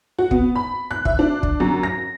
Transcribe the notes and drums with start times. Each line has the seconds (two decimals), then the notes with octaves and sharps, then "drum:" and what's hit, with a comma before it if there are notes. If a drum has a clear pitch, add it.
0.19 F#4
0.31 B3, drum: kick
0.55 B5
0.91 F#6
1.05 E5, drum: kick
1.19 D4
1.43 drum: kick
1.60 F#2
1.83 A#6